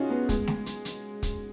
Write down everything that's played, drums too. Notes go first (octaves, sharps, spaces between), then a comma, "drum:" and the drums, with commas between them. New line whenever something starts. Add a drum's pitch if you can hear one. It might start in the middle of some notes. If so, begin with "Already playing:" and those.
Already playing: C#4 D#4 F4 F#4 G#4
B3
G#3, drum: kick, hi-hat
drum: snare A3
drum: hi-hat
drum: hi-hat
drum: kick, hi-hat